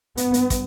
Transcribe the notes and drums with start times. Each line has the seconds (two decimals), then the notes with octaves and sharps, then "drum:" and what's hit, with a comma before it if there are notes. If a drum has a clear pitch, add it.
0.17 G2 B3, drum: hi-hat
0.34 drum: hi-hat
0.50 drum: kick, hi-hat